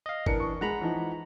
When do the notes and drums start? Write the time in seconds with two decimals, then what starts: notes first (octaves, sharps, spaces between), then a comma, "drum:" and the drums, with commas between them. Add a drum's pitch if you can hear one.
0.06 D#5 F5
0.26 E3 D4 A#4 C#7, drum: kick G#1
0.40 C#6
0.61 G#3 G#4 F#5 A#5 B5
0.81 E3 F3 D#4